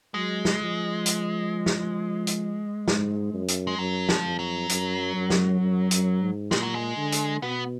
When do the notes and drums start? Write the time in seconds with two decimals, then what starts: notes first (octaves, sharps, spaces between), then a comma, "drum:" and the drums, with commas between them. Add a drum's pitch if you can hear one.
0.14 F#3 G#3
0.45 drum: snare
0.60 F3
1.06 drum: hi-hat
1.66 drum: snare
2.27 drum: hi-hat
2.88 G#2, drum: snare
3.33 F#2
3.48 drum: hi-hat
3.67 G#3
3.78 F#2 F#3
4.09 F3, drum: snare
4.24 F2
4.39 F#3
4.69 F#2, drum: hi-hat
5.15 F#2
5.30 drum: snare
5.60 F#2
5.91 F#2, drum: hi-hat
6.21 G#2
6.51 A#2 G#3, drum: snare
6.63 F#3
6.74 G#3
6.97 D3
7.12 drum: hi-hat
7.42 B2 B3